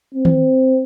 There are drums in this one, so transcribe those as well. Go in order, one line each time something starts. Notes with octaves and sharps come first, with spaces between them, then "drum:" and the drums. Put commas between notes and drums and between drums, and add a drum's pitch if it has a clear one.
C4
drum: tom D#3